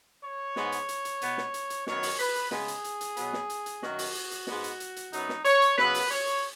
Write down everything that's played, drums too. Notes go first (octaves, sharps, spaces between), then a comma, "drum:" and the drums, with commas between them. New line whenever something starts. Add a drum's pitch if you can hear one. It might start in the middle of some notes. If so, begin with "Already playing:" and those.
C#5
G#2 G#3 B3, drum: snare
drum: hi-hat
drum: hi-hat
drum: hi-hat
B2 B3, drum: hi-hat
drum: snare
drum: hi-hat
drum: hi-hat
F#2 D#3 F#3 B3 C#5, drum: snare
drum: open hi-hat
B4, drum: hi-hat
drum: hi-hat
C#3 G#3 B3 G#4, drum: snare
drum: hi-hat
drum: hi-hat
drum: hi-hat
B2 F#3 B3, drum: hi-hat
drum: snare
drum: hi-hat
drum: hi-hat
F#2 D#3 F#3 F#4, drum: snare
drum: open hi-hat
drum: hi-hat
drum: hi-hat
G#2 G#3 B3, drum: snare
drum: hi-hat
drum: hi-hat
drum: hi-hat
F#2 F#3 B3 D#4, drum: hi-hat
drum: snare
C#5, drum: hi-hat
drum: hi-hat
C#3 F#3 B3 B4, drum: snare
drum: open hi-hat
C#5, drum: hi-hat
drum: hi-hat